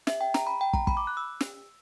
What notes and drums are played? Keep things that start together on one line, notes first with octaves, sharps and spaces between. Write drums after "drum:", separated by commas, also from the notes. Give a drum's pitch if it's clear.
E5, drum: snare
G5
A#5, drum: snare
B5
G5
A#5, drum: kick
B5, drum: kick
D6
F#6
E6
drum: snare